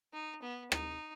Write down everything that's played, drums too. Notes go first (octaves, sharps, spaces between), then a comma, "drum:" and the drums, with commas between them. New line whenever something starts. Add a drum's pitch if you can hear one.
D#4
B3
D#4, drum: rim click